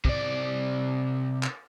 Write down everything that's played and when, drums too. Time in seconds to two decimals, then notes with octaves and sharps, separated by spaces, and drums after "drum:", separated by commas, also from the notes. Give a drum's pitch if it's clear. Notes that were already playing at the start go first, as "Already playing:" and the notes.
0.05 C3 D5, drum: kick
1.43 drum: clap